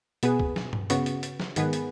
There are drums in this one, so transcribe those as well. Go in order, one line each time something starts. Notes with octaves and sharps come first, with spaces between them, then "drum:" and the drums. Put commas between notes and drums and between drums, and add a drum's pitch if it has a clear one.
B2 B3 G#4 B4, drum: hi-hat
drum: kick
drum: snare
drum: tom G2
C#3 B3 F#4, drum: hi-hat
drum: hi-hat
drum: hi-hat
drum: snare
G#2 D#3 B3 G#4 B4, drum: hi-hat
drum: hi-hat